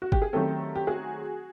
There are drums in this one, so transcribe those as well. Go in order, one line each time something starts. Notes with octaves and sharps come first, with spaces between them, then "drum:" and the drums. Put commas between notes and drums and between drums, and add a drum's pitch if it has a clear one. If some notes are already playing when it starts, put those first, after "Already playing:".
F#4
G4, drum: kick G1
G#4
D#3 F#3 A3 C4 G4 A4
G4
F#4 G#4